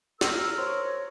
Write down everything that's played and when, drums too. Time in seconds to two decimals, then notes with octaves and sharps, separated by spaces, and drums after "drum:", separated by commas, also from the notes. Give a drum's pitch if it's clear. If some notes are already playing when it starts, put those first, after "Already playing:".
0.21 A#4 E6, drum: snare
0.58 C5 C#5 C6